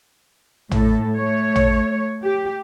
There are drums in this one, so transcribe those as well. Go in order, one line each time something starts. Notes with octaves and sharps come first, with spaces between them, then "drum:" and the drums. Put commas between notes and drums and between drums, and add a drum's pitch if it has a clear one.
A2 A4, drum: tom
A3 C#5
drum: tom
G4